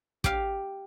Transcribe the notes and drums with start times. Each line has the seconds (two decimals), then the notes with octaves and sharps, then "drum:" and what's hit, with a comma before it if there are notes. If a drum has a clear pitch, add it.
0.24 G4 F5, drum: kick